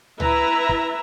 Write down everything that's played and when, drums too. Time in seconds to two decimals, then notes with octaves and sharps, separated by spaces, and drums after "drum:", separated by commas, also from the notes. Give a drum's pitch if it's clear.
0.20 E4 B4 E5 A#5, drum: tom C#2
0.69 drum: kick